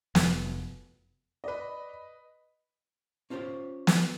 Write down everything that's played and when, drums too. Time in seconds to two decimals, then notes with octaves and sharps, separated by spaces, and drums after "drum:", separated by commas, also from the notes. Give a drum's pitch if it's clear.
0.15 F1, drum: snare
1.44 B4 D5 D#5 B5
3.30 C#4 F4 G4 A#4 C5 C#5
3.87 drum: snare